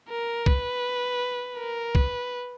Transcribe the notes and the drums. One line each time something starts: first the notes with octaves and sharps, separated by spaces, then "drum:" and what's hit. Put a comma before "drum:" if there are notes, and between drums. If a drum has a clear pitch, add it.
A#4
B4, drum: kick
A#4
B4, drum: kick